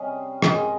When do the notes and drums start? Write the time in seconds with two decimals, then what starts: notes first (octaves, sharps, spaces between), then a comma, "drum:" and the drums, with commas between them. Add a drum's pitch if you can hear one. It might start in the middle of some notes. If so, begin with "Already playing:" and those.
Already playing: C3 G3 C#4 D#5 F5
0.42 G#2 D#3 G#3 D#5, drum: rim click